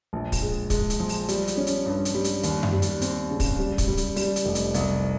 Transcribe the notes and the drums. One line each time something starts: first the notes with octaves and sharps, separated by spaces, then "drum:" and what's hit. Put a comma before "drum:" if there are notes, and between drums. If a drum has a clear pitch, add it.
A#1
drum: kick, open hi-hat
G#3
G#3, drum: kick, hi-hat
drum: hi-hat
F3
drum: open hi-hat
G3, drum: hi-hat
drum: hi-hat
C#4
drum: hi-hat
G2
drum: hi-hat
G3
drum: hi-hat
D#2, drum: hi-hat
drum: tom F#2
G3
drum: hi-hat
C4, drum: hi-hat
C#3
drum: kick, open hi-hat
G3
drum: kick, hi-hat
G3
drum: hi-hat
G3, drum: open hi-hat
drum: hi-hat
F1
drum: hi-hat
C2, drum: hi-hat